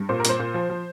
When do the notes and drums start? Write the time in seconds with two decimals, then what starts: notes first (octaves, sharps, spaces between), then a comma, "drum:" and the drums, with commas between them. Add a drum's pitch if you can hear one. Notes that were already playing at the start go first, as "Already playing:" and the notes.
Already playing: G2
0.09 A#2 C5
0.20 A#4
0.25 A#2 C5, drum: hi-hat
0.39 A#2
0.54 F3
0.70 F3